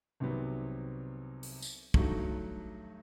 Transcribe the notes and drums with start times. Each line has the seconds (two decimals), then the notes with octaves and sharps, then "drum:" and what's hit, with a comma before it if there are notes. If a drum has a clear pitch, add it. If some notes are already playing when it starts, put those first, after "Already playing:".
0.20 C2 C3 D#3 F#3 B3
1.43 drum: open hi-hat
1.62 drum: tambourine
1.94 G2 F#3 A3 D#4 F#4, drum: kick